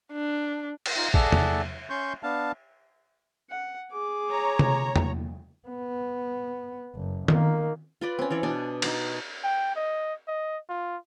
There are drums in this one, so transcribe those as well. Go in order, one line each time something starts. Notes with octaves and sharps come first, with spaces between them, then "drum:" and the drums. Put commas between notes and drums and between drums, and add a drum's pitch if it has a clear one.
D4
drum: cymbal
D#4 F4
G#4 A4 D5 E5 F#5 A5, drum: kick
drum: tom E2
C#4 C6 C#6 G6
B3 D4 F5 A5
F#5
G#4 D6
C#5 A#5
drum: tom C3
drum: tom E2
B3
F#1
D#3 A#3, drum: tom D#3
F4 B4 D5
C4 C#4
E3 C#5 D5
B2 D4 G#5 D6
D#4 F#4 D5, drum: cymbal
G5
D#5
D#5
F4